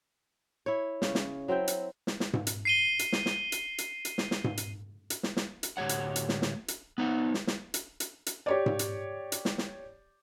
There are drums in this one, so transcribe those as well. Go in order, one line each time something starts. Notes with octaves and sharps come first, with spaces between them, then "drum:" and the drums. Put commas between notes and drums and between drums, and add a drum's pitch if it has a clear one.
E4 C#5
C#3 C#4, drum: snare
drum: snare
F#3 C4 E4 G5
drum: hi-hat
drum: snare
drum: snare
drum: tom G#2
drum: hi-hat
C7 D#7 G7
drum: hi-hat
drum: snare
drum: snare
drum: hi-hat
drum: hi-hat
drum: hi-hat
drum: snare
drum: snare
drum: tom G#2
drum: hi-hat
drum: hi-hat
drum: snare
drum: snare
drum: hi-hat
D2 A2 G4 C#5 F#5
drum: hi-hat
drum: hi-hat
drum: snare
drum: snare
drum: hi-hat
B3 D#4 C5 F#5
drum: snare
drum: snare
drum: hi-hat
drum: hi-hat
drum: hi-hat
G4 C#5 D5
drum: tom G#2
drum: hi-hat
drum: hi-hat
drum: snare
drum: snare